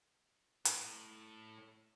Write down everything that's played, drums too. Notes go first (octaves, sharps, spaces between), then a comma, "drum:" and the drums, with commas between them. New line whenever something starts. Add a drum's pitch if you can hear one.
A2, drum: hi-hat